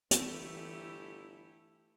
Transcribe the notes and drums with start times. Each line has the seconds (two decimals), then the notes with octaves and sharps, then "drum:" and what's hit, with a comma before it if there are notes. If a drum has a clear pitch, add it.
0.11 G1 E3 A3 E4 G4, drum: hi-hat